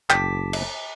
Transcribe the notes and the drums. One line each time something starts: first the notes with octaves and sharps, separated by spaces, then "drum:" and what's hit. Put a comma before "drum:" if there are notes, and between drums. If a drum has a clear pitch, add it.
F#1 G5 A5 D6 B6, drum: clap
drum: cymbal